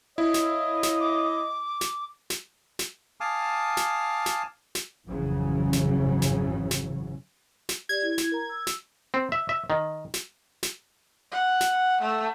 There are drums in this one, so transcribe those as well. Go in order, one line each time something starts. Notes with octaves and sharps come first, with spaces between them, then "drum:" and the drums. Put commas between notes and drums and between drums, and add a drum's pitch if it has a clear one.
E4 C#5 D#5 F5
drum: snare
drum: snare
D6
drum: snare
drum: snare
drum: snare
F5 G#5 A5 D6 D#6 F6
drum: snare
drum: snare
drum: snare
G#1 F2 C#3 E3 F#3 C#4
drum: snare
drum: snare
drum: snare
drum: snare
G4 D5 G#6
E4
drum: snare
A#4 A#5
E6
drum: snare
C4
E5
E5
D#3
drum: snare
drum: snare
F#5
drum: snare
A3